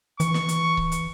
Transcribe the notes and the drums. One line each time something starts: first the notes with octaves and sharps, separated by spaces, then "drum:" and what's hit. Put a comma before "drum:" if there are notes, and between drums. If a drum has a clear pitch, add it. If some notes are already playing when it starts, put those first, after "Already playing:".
E3 C#6, drum: hi-hat
drum: snare
drum: hi-hat
drum: kick C#1
drum: hi-hat